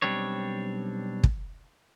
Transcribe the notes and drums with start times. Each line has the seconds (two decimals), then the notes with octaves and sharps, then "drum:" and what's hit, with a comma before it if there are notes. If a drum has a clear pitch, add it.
0.02 B1 G3 C4 D4 C#5
1.23 drum: kick